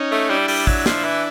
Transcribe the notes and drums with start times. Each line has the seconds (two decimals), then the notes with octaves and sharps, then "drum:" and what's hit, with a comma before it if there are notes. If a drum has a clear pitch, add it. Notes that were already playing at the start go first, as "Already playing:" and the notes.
Already playing: C#4 D#4
0.12 A3
0.30 G3 D4 E4
0.48 G3, drum: open hi-hat
0.67 F#3, drum: kick
0.86 F3, drum: snare
1.04 E3